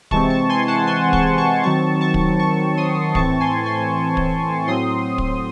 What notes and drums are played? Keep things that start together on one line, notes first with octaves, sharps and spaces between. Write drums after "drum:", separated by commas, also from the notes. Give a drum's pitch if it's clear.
C3 E3 G#3 C4 A5 C#6, drum: kick
A5 C#6
G#5 C6
F#5 A5
G#5 C6
A5 C#6, drum: kick
A5 C#6
D#3 F#3 C4 A5 C#6
A5 C#6
drum: kick
A5 C#6
C6 D#6
A2 E3 C4 A5 C#6, drum: kick
G#5 C6
G#5 C6
drum: kick
A2 F#3 C4 C6 D#6
drum: kick